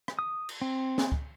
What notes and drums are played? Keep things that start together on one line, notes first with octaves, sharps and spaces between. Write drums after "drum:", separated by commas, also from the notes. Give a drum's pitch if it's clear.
drum: rim click
D#6
drum: cymbal
C4
drum: snare
drum: kick